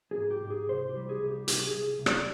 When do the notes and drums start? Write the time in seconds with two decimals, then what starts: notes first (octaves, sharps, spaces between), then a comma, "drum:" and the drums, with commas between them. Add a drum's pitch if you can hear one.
0.11 G#4
0.17 G#2
0.31 G4
0.44 G#2
0.50 G#4
0.69 C2 C5
0.89 G4
0.96 G3
1.09 G#4
1.22 C2
1.28 G4
1.48 C2 G4, drum: hi-hat
1.67 G#4
1.74 C2
1.99 C2
2.06 D5, drum: rim click